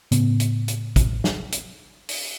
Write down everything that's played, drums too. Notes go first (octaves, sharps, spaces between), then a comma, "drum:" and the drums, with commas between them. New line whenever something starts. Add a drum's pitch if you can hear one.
A2 C#3 B3, drum: hi-hat
drum: hi-hat
drum: hi-hat
drum: kick, hi-hat
drum: snare
drum: hi-hat
drum: open hi-hat